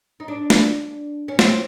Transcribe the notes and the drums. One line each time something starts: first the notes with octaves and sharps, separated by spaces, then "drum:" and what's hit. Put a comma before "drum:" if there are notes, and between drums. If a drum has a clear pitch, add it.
D#4
D4
drum: snare
C#4
C4, drum: snare